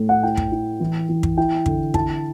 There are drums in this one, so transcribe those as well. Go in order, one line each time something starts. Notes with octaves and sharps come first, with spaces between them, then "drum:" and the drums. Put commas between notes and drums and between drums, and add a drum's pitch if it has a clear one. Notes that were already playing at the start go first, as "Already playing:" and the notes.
Already playing: A2
F#5
E4 G5
drum: kick
E4
E3
E3
drum: kick
E4 G5
D3, drum: kick
E4 A5, drum: kick